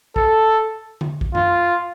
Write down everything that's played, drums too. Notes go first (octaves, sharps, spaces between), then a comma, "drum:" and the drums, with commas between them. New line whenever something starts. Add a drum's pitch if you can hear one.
A4, drum: kick
drum: tom D3
drum: kick
F4, drum: tom F#2